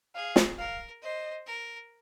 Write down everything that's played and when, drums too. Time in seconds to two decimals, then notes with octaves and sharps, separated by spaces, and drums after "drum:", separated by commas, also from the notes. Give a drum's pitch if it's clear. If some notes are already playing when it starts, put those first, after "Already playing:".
0.15 G#4 F5
0.36 drum: snare
0.58 A#4 F5
1.02 C5 D#5
1.47 A#4